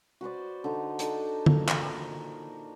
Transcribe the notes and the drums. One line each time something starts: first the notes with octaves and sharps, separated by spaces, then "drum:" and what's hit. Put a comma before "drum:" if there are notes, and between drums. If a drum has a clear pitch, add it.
F#4 B4 C5 D5
D3 D#4
D4 D#4 A4 C5, drum: hi-hat
A#2 A#4, drum: tom
drum: clap